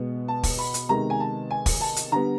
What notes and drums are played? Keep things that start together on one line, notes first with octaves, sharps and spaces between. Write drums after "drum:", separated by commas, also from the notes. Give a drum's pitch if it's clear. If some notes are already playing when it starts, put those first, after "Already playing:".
Already playing: B2 G#3 B3
A5
drum: kick, open hi-hat
B5
drum: hi-hat
C3 D#3 G#3 B3 A#5
G#5
A5
G#5
drum: kick, open hi-hat
A5
drum: hi-hat
D3 G3 B3 A#5